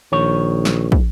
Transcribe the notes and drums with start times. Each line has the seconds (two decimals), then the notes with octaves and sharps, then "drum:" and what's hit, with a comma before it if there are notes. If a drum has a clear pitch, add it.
0.12 A#1 D#3 C#5
0.65 drum: snare
0.92 drum: kick